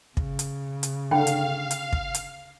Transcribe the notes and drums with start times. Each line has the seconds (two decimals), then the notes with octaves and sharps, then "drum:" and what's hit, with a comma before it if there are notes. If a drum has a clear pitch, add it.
0.17 C#3, drum: kick
0.39 drum: hi-hat
0.83 drum: hi-hat
1.11 D3 F5 G5
1.27 drum: hi-hat
1.71 drum: hi-hat
1.93 drum: kick
2.14 drum: hi-hat